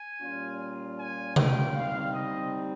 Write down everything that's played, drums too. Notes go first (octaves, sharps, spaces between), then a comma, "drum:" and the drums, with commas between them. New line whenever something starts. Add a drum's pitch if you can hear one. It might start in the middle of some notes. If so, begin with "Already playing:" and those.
Already playing: G#5
A#2 G3 C#4 F4
G#5
G5, drum: tom C3
G3 C4 D#4 F5
D#5